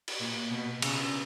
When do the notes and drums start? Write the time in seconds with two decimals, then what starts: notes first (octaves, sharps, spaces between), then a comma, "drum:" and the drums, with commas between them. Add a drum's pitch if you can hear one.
0.08 drum: cymbal
0.20 A#2
0.51 B2
0.82 C#3, drum: cymbal